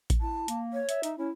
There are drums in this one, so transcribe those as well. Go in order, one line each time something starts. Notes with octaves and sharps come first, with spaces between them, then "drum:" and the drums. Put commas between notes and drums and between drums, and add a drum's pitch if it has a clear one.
drum: kick A1, hi-hat
E4 A5
A#3, drum: hi-hat
C#5
E5, drum: hi-hat
D#4, drum: hi-hat
C#4 E4